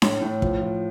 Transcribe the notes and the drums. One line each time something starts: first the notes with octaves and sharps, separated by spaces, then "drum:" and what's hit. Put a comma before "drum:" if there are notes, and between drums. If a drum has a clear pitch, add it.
A2, drum: snare D4
A2
F3, drum: kick
F3